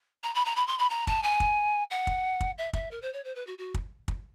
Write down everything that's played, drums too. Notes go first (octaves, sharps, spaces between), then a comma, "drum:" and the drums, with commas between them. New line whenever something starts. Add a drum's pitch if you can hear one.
A#5
B5
A#5
B5
C6
B5
A#5
A5, drum: kick
G#5
drum: kick
F#5
drum: kick
drum: kick
E5
E5, drum: kick
A#4
C5
C#5
C5
B4
F#4
F#4
drum: kick
drum: kick